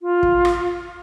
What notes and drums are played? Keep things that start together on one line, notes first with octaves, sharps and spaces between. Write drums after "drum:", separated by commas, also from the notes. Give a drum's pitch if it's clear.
F4
drum: kick
drum: rim click